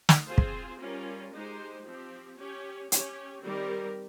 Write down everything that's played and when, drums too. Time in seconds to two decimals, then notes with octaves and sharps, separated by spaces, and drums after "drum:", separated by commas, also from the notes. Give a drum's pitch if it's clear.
0.09 drum: snare
0.28 C4 F4 G#4 C5
0.38 drum: kick
0.80 G3 C#4 F4 A#4
1.33 G#3 D#4 G4 C5
1.86 F3 C4 G4
2.39 C#4 G4 C#5
2.92 C#4 G4 C#5, drum: hi-hat
3.44 D#3 G3 C4 G4 A#4